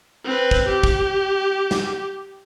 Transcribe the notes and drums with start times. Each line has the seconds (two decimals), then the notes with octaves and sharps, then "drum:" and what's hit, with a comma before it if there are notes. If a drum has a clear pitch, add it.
0.25 C4 B4
0.51 drum: kick
0.68 G4
0.83 drum: kick
1.71 drum: snare